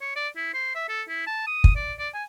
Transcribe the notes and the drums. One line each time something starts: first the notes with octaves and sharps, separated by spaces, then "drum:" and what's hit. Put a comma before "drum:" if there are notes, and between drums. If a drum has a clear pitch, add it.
C#5
D5
E4
C5
E5
A4
E4
A5
D#6
drum: kick
D5
D5
G#5